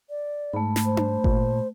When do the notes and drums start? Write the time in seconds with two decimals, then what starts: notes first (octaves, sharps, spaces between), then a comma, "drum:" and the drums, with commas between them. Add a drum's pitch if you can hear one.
0.10 D5
0.53 G#2 A3 B5
0.76 drum: snare
0.85 C5
0.97 drum: tom D4
1.24 A#2, drum: kick G#1